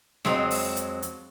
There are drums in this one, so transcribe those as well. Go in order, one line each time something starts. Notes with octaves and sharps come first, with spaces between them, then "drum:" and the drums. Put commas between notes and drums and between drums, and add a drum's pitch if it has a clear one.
F2 F#3 G#3 C4, drum: snare
drum: open hi-hat
drum: hi-hat
drum: hi-hat